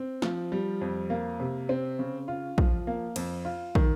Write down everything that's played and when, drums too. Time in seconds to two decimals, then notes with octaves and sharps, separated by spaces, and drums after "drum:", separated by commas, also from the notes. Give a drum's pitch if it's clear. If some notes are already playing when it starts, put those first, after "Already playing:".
Already playing: C4
0.22 F3, drum: snare
0.52 G3
0.81 F2
1.10 A#3
1.40 C3
1.69 C4
1.99 C#3
2.28 F4
2.58 F3, drum: kick
2.87 A#3
3.16 F2, drum: cymbal
3.45 F4
3.75 D#3, drum: kick